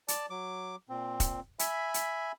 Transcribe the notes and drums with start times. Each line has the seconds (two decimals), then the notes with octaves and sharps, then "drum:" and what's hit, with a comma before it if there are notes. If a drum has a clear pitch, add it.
0.08 D5 A5, drum: hi-hat
0.30 F#3 D6
0.89 A#2 C4
1.20 drum: kick E1, hi-hat
1.59 E5 G#5 B5, drum: hi-hat
1.94 drum: hi-hat